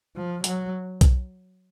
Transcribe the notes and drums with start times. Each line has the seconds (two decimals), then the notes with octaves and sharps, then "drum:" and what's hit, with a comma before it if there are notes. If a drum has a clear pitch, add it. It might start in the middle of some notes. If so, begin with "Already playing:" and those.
0.16 F3
0.44 F#3, drum: hi-hat
1.01 drum: kick B1, hi-hat